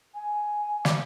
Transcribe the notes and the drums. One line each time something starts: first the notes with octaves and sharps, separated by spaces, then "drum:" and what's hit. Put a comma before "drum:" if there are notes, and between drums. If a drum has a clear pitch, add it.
G#5
D6, drum: snare